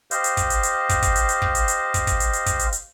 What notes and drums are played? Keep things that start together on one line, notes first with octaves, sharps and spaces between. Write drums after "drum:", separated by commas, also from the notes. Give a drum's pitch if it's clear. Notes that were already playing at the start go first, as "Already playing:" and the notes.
G4 C5 D#5 F5, drum: hi-hat
drum: hi-hat
drum: kick, hi-hat
drum: hi-hat
drum: hi-hat
drum: kick, hi-hat
drum: kick, hi-hat
drum: hi-hat
drum: hi-hat
drum: kick
drum: hi-hat
drum: hi-hat
drum: kick, hi-hat
drum: kick, hi-hat
drum: hi-hat
drum: hi-hat
drum: kick, hi-hat
drum: hi-hat
drum: hi-hat